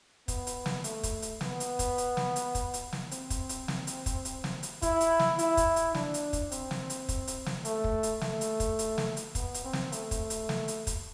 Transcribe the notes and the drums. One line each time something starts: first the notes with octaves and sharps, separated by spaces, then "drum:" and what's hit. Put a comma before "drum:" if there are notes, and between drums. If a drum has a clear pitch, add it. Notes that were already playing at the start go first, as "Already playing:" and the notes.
B3, drum: kick, hi-hat
drum: hi-hat
drum: snare
A3, drum: hi-hat
drum: kick, hi-hat
drum: hi-hat
B3, drum: snare
drum: hi-hat
drum: kick, hi-hat
drum: hi-hat
drum: snare
drum: hi-hat
drum: kick, hi-hat
drum: hi-hat
drum: snare
C4, drum: hi-hat
drum: kick, hi-hat
drum: hi-hat
drum: snare
drum: hi-hat
drum: kick, hi-hat
drum: hi-hat
drum: snare
drum: hi-hat
E4, drum: kick, hi-hat
drum: hi-hat
drum: snare
E4, drum: hi-hat
drum: kick, hi-hat
drum: hi-hat
D4, drum: snare
drum: hi-hat
drum: kick, hi-hat
C4, drum: hi-hat
drum: snare
drum: hi-hat
drum: kick, hi-hat
drum: hi-hat
drum: snare
A3, drum: hi-hat
drum: kick
drum: hi-hat
A3, drum: snare
drum: hi-hat
drum: kick, hi-hat
drum: hi-hat
drum: snare
drum: hi-hat
B3, drum: kick, hi-hat
drum: hi-hat
C4
drum: snare
A3, drum: hi-hat
drum: kick, hi-hat
drum: hi-hat
drum: snare
drum: hi-hat
drum: kick, hi-hat